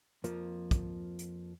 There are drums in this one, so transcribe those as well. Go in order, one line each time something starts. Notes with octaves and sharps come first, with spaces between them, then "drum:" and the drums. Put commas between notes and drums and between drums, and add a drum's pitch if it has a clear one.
F2 F3 A#3, drum: hi-hat
drum: kick, hi-hat
drum: hi-hat